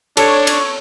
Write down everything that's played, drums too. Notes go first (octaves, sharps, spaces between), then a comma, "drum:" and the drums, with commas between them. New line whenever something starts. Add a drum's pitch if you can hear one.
D4 A4 C#5, drum: cymbal
drum: cymbal